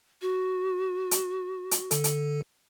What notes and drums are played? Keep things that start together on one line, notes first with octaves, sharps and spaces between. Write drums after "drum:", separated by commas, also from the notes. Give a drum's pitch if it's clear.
F#4
drum: hi-hat
drum: hi-hat
D3 A4, drum: hi-hat
drum: hi-hat